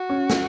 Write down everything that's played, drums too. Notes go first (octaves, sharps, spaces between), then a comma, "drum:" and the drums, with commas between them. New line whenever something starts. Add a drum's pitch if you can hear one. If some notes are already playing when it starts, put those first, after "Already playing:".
Already playing: F#4
C#4
drum: snare